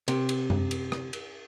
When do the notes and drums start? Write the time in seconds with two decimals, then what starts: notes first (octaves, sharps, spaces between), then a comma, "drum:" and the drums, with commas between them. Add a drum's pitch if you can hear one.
0.08 C3, drum: cymbal
0.29 drum: cymbal
0.50 drum: tom F#2
0.71 drum: cymbal
0.92 drum: rim click
1.13 drum: cymbal